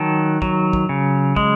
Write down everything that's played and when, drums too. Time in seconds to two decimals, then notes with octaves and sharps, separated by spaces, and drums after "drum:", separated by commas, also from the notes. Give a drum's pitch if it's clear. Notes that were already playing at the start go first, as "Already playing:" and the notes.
Already playing: D#3 F#3 A5
0.42 F#3, drum: kick
0.73 drum: kick
0.89 C#3
1.36 G#3, drum: kick